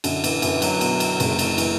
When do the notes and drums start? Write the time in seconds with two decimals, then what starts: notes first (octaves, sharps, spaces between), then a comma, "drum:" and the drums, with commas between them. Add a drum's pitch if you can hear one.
0.04 F#2 D3, drum: cymbal
0.24 E3, drum: cymbal
0.42 F#2 E3, drum: cymbal
0.62 F#3, drum: cymbal
0.81 B2, drum: cymbal
1.00 drum: cymbal
1.20 F#1, drum: cymbal
1.39 drum: cymbal
1.58 E3, drum: cymbal